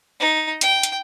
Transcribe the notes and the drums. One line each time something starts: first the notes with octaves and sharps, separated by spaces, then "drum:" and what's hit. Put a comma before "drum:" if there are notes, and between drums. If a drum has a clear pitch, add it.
D#4
G5, drum: hi-hat
drum: hi-hat